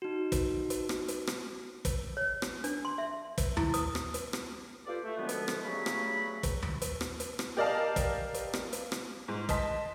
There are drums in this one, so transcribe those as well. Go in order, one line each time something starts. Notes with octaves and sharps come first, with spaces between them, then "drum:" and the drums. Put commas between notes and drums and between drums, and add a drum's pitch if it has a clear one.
D#4 F#4
drum: kick, hi-hat
drum: hi-hat
drum: rim click
drum: hi-hat
drum: rim click
drum: kick, hi-hat
C#5
drum: rim click
D4, drum: hi-hat
C6
E5
drum: kick, hi-hat
E4, drum: tom D#2
D#6, drum: hi-hat
drum: rim click
drum: hi-hat
drum: rim click
F4 G4 A4 B4 C5 D5
A3
F#2 D3 F3 G#3 B3
drum: hi-hat
drum: rim click
G2 C#3 F#3 A3 F#4 B5
drum: rim click
drum: kick, hi-hat
drum: tom D#2
drum: hi-hat
drum: rim click
drum: hi-hat
drum: rim click
G4 A#4 D5 D#5 F5 A5
drum: kick, hi-hat
drum: hi-hat
drum: rim click
drum: hi-hat
drum: rim click
G#2
D#5 A5 C6 B6, drum: kick, hi-hat